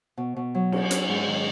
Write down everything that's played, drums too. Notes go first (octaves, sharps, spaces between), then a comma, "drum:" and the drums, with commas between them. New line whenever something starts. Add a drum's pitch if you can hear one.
B2
B2
F#3
C#4, drum: cymbal
C#4, drum: hi-hat
G#2
D#3